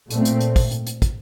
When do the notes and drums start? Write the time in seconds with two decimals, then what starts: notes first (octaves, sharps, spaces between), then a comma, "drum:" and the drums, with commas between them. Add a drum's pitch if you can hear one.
0.10 A#2 A3 C4, drum: hi-hat
0.25 drum: hi-hat
0.41 drum: hi-hat
0.56 drum: kick, open hi-hat
0.71 drum: hi-hat
0.87 drum: hi-hat
1.02 drum: kick, hi-hat